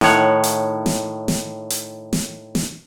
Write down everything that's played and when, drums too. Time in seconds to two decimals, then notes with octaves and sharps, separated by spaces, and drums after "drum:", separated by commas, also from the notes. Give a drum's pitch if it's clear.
0.01 A2 D#3 C#5 F#5, drum: snare
0.44 drum: hi-hat
0.86 drum: snare
1.28 drum: snare
1.70 drum: hi-hat
2.13 drum: snare
2.55 drum: snare